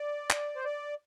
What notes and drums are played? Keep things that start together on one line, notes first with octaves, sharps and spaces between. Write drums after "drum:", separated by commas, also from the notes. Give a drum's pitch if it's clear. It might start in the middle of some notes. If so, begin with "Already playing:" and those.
Already playing: D5
drum: clap
C5
D5